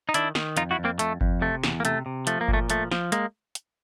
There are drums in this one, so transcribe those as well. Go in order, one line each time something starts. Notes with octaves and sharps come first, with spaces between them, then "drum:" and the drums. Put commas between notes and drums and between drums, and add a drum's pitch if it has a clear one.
D#4
D#3 D4 E4, drum: hi-hat
D#3, drum: snare
F2 D#4 F4, drum: hi-hat
E4 F#4
F2
A#3 C4
F2 A3, drum: hi-hat
F2, drum: kick G1
C3 A3
E2, drum: snare
A#3
C3 A3, drum: hi-hat
C3
F3 A3, drum: hi-hat
A#3
A#2, drum: kick G1
A3
F3 A3, drum: hi-hat
F3, drum: snare
G#3 A#3, drum: hi-hat
drum: hi-hat